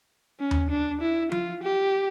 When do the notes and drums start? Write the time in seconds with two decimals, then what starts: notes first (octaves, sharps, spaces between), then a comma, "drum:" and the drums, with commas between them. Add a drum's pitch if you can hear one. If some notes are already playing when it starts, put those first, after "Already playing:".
0.40 C#4
0.51 drum: tom D#2
0.70 D4
1.01 E4
1.32 F4, drum: tom F3
1.63 G4